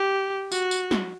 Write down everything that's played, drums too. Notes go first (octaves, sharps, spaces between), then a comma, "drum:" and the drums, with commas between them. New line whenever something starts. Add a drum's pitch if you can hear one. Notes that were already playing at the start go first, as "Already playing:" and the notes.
Already playing: G4
F#4, drum: tambourine
drum: tambourine
drum: snare